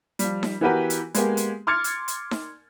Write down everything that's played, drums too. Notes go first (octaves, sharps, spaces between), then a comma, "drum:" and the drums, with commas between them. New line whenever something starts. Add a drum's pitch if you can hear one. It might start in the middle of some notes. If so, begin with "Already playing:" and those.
F3 G3, drum: hi-hat
drum: snare D#4
E3 B3 F#4 G4 A#4 B4
drum: hi-hat
G#3 A#3 B3 G4, drum: hi-hat
drum: hi-hat
C6 D6 F6 G#6 A6 C#7
drum: hi-hat
drum: hi-hat
drum: snare D#4